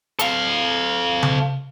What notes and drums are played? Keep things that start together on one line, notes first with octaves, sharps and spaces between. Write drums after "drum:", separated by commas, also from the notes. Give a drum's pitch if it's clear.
A4 F5, drum: hi-hat
drum: tom C#3